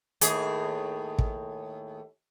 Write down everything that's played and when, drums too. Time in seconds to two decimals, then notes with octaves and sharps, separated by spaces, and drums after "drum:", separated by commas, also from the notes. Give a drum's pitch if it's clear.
0.21 D#2 A2 G#4, drum: hi-hat
1.18 drum: kick